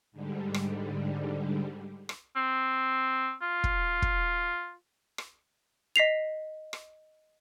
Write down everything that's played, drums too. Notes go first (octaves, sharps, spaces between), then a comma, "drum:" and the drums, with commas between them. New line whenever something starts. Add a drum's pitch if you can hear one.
G#2 D3 G3
drum: rim click
drum: rim click
C4
F4
drum: kick
drum: kick
drum: rim click
D#5 B6 C7 F7
drum: rim click